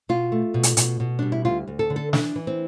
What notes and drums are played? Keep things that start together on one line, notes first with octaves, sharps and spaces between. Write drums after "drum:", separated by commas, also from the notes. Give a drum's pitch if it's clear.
B2 F4
A3
B2
drum: hi-hat
B2, drum: hi-hat
B2
G3 D4
E4
D2 F4
D2
A4
D3
A4
E3 D4, drum: snare
E3
C4